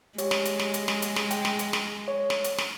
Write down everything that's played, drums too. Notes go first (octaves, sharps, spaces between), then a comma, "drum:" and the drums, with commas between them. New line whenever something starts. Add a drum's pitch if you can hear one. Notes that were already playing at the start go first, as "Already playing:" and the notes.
G#3 G4 C#5, drum: hi-hat
drum: snare
drum: hi-hat
drum: snare
drum: hi-hat
drum: snare
drum: hi-hat
drum: snare
G5, drum: hi-hat
drum: snare
drum: hi-hat
drum: snare
C#5
drum: snare
drum: hi-hat
drum: snare